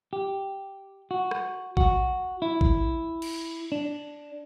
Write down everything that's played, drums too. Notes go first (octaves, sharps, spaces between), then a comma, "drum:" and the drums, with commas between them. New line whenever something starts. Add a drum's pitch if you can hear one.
G4
F#4
drum: rim click
F#4, drum: kick A1
E4
drum: kick A1
drum: cymbal
D4